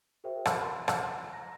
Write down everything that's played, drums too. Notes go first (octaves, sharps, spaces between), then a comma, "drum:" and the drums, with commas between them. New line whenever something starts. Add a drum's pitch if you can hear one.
F#4 G#4 A#4 C5 E5 G5
B5 C6, drum: rim click
drum: rim click
A#5 A#6